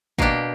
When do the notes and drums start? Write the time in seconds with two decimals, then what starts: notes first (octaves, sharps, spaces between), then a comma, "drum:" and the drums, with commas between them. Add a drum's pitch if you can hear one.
0.18 B2 A#3 D4 G4, drum: kick